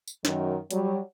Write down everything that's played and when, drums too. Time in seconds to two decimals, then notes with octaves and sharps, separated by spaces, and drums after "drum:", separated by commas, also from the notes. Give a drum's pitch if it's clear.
0.08 drum: tambourine
0.25 F#2 D#3, drum: snare
0.71 F#3 G3, drum: hi-hat